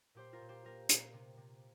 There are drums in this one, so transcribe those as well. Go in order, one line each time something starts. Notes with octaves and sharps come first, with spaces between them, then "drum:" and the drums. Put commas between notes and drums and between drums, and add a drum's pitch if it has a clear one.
A#2 G4 C5
F4 A#4
A#2
G4 C5
A#3 F4 A#4
A#2, drum: hi-hat
C3
C3